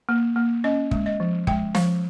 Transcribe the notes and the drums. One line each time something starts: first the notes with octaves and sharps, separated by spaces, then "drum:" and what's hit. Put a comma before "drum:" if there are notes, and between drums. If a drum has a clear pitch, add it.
A#3
A#3
C#4 D#5
G#3, drum: kick
D#5
F3
G#3 G5, drum: kick
F3 F5, drum: snare